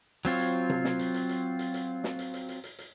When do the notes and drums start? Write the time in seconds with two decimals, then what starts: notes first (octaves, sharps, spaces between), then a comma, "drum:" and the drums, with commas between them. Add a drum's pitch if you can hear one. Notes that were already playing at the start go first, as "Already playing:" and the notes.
0.25 F#3 C4 F4 C#5, drum: hi-hat
0.40 drum: hi-hat
0.70 drum: tom C3
0.84 drum: snare
0.99 drum: hi-hat
1.14 drum: hi-hat
1.29 drum: hi-hat
1.59 drum: hi-hat
1.74 drum: hi-hat
2.04 drum: snare
2.19 drum: hi-hat
2.34 drum: hi-hat
2.49 drum: hi-hat
2.64 drum: hi-hat
2.79 drum: hi-hat